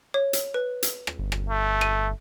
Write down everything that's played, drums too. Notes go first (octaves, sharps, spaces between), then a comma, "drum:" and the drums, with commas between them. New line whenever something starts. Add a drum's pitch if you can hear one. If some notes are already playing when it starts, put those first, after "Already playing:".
C#5
drum: hi-hat
B4
drum: hi-hat
drum: rim click
G1
drum: rim click
A3
D#7, drum: rim click